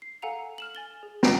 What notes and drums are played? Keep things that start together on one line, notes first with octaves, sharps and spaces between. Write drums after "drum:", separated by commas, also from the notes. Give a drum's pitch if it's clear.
C7
A4 F5 F#5 G#5 A#5 F7
F6 E7 F#7
G#5 A6 G7
G#4
drum: snare